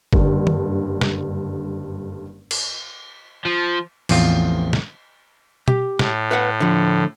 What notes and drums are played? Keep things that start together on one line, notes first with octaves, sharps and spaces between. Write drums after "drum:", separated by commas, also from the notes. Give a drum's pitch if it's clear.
F#1 G2 D3, drum: kick
drum: tom
drum: snare
drum: cymbal
F3
A1 E2 F3 C4 F4, drum: cymbal
drum: snare
G4, drum: tom B2
A2, drum: snare
B4 F5 F#5
D3 F3